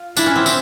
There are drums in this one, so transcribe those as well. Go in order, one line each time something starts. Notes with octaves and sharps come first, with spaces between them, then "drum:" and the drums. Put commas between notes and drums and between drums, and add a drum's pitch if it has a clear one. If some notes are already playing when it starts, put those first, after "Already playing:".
Already playing: F4
D4 E4, drum: tambourine
C#4
C4
C4, drum: tambourine